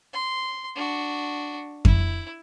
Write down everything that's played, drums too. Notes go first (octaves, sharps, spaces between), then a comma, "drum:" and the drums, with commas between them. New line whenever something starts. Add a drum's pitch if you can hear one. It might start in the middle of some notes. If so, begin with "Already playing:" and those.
C6
D4 F#4
E4, drum: kick F2